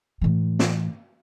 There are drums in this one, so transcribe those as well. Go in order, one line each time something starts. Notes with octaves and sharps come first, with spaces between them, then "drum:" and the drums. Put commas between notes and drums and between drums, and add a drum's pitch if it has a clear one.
A2 E3
drum: snare